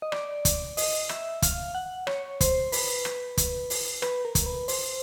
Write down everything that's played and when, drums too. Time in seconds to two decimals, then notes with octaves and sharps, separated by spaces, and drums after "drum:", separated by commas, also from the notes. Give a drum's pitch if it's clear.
0.02 D#5
0.12 D5, drum: rim click
0.45 drum: kick, hi-hat
0.77 D#5, drum: open hi-hat
1.09 E5, drum: rim click
1.42 F5, drum: kick, hi-hat
1.75 F#5
2.07 C#5, drum: rim click
2.41 C5, drum: kick, hi-hat
2.72 B4, drum: open hi-hat
3.05 drum: rim click
3.37 drum: kick, hi-hat
3.70 drum: open hi-hat
4.02 B4, drum: rim click
4.25 A#4
4.35 drum: kick, hi-hat
4.46 B4
4.68 C5, drum: open hi-hat